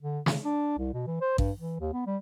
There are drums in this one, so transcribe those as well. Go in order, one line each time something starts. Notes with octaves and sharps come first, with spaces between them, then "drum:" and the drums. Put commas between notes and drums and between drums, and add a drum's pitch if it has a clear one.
D3
C#3, drum: snare
D4
C2
B2
E3
C5
G2, drum: kick A1
E3
D#2
B3
G3